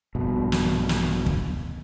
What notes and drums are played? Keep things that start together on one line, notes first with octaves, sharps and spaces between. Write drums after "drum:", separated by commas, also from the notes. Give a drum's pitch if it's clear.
A#1 G2 B2
drum: snare
drum: snare
drum: kick